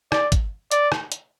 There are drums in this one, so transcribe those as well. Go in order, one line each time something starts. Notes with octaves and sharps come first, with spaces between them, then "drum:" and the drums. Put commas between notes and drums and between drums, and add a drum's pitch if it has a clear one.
D5, drum: rim click
drum: kick, hi-hat
D5, drum: hi-hat
drum: rim click
drum: hi-hat